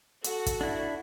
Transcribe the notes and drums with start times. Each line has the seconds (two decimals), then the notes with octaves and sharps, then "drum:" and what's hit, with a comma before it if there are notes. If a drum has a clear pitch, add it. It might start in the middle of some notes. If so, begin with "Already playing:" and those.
0.24 F#4 A4, drum: hi-hat
0.46 drum: kick, hi-hat
0.61 D4 E4